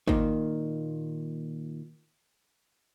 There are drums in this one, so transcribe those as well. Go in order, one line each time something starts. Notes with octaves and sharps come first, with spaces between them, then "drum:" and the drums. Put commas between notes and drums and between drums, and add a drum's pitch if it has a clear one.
A#2 D#3, drum: kick G#1